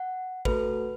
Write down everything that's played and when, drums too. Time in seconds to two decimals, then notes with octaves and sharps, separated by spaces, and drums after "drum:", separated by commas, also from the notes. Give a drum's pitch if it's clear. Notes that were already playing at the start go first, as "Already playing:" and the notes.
Already playing: F#5
0.45 A3 F#4 A4 B4, drum: kick